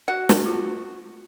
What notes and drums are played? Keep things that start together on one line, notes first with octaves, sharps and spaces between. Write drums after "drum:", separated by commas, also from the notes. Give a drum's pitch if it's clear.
F#4 F#5
drum: snare
F4